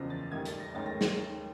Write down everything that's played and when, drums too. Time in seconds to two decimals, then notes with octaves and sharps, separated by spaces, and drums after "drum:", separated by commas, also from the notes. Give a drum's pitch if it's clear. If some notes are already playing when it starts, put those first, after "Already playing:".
Already playing: F#1 E2 C#3 F3 A#6
0.10 A6
0.31 F1 D#2 D#3 G3 G#6
0.45 A6, drum: hi-hat
0.60 A#6
0.75 F1 D#2 D#3 G#3 C#4 A6
0.86 A#6
1.01 drum: snare